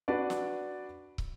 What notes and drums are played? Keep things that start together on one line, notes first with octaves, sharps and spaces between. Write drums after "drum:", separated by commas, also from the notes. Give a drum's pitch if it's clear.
D4 F#4 B4 D5
drum: snare
drum: kick